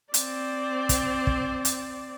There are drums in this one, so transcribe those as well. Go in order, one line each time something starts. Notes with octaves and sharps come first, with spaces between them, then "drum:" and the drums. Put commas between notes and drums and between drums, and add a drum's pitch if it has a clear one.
C4 D5, drum: hi-hat
drum: kick, hi-hat
drum: kick
drum: hi-hat